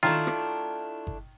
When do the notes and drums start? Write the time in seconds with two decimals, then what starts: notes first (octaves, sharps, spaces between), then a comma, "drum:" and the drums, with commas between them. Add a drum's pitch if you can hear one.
0.03 D#3 A3 D4 E4 F4, drum: tom D#3
0.27 drum: rim click
1.07 drum: kick G1